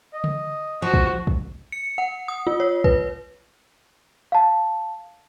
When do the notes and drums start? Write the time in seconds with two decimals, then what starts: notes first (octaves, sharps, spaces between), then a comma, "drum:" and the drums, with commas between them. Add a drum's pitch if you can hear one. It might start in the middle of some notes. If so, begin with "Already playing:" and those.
0.14 D#5
0.24 drum: tom C#3
0.82 F3 F#4
0.94 drum: kick
1.27 drum: kick
1.72 C#7
1.98 F#5
2.28 D#6
2.47 F4
2.60 C#5
2.84 B4, drum: kick
4.32 F5 A5